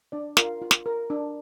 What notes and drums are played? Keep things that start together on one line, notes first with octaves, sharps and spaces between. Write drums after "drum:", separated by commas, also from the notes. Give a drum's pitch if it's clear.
D4 D5
F4 A#4 F5, drum: snare
F4
drum: snare
A#4
D4